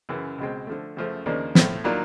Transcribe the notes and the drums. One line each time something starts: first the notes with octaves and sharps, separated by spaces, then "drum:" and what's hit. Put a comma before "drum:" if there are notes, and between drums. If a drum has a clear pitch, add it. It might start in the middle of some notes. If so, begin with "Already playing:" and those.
F#2 C#3 E3
C#2 B2 G#3 C4
D3 F3 A3
F#2 C#3 F3 A3
D#2 C#3 F3 A#3 D4
A2 F3 A3, drum: snare
D#3 F#3 A#3 D4 F4